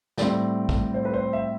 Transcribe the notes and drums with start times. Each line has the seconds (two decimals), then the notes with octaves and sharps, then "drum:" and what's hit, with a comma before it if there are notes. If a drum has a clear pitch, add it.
0.18 A2 G3 C4 D5, drum: snare
0.69 drum: kick
0.94 C5
1.05 B4
1.14 C5
1.33 E5